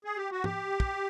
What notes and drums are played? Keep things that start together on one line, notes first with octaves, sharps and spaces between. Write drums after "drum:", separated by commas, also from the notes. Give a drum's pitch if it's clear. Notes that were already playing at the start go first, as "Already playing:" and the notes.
G#4
G4
F#4
G4, drum: tom
drum: kick